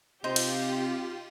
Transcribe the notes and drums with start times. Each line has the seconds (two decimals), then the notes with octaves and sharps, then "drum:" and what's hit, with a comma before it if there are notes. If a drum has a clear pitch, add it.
0.24 C3 C4 D#4 F4 G4 C5
0.36 drum: cymbal